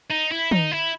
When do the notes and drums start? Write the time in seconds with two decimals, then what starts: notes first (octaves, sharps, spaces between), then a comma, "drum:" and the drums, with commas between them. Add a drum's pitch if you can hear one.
0.10 D#4
0.31 E4
0.51 D#4, drum: tom
0.72 E4